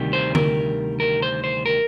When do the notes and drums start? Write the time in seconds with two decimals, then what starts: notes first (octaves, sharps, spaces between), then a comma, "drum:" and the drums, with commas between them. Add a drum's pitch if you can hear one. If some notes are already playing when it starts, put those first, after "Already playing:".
Already playing: D2 C3 D#3 G3
0.13 C5
0.35 A#4, drum: tom D3
1.00 A#4
1.22 C5
1.44 C5
1.66 A#4